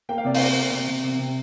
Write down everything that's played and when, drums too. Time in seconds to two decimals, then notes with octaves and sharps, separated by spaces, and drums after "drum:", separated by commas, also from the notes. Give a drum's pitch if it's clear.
0.09 A#3 G5
0.18 F5
0.25 C3 D5
0.35 F5, drum: open hi-hat
0.40 A#3
0.56 A#3
0.72 C3
0.88 C3
1.04 C3
1.19 C3